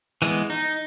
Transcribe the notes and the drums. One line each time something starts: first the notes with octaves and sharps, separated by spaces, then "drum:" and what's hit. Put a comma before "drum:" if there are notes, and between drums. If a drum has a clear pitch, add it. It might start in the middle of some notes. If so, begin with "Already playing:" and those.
E3 G#3 B3, drum: hi-hat
D#4